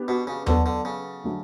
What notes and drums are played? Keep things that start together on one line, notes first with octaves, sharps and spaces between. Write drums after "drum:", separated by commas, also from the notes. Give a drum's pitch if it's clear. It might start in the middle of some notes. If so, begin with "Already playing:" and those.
Already playing: B3 D4 G4 B4
B2
C#3
D3 F#3 B3 F#4 A4, drum: tom D#2
D3
C#3
D3 F#3 A3